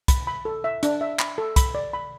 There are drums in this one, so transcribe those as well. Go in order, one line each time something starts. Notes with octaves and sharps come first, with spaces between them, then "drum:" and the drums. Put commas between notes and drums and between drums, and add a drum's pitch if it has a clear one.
B5, drum: kick, hi-hat
B5
A4
E5
D4, drum: hi-hat
E5
B5, drum: clap
A4
B5, drum: kick, hi-hat
D5
B5